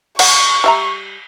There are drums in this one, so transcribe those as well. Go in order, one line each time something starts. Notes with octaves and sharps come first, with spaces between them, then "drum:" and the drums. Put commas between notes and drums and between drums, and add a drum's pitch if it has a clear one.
D5 F#5 C#6, drum: cymbal
G3 E5 A#5